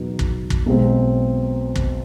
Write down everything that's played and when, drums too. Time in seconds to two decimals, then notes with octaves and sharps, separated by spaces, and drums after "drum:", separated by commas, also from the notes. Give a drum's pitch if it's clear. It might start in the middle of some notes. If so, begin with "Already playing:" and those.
Already playing: E2 B2 F#3 B3 D#4
0.19 drum: kick
0.50 drum: kick
0.66 B1 B2 G#3 C4
1.76 drum: kick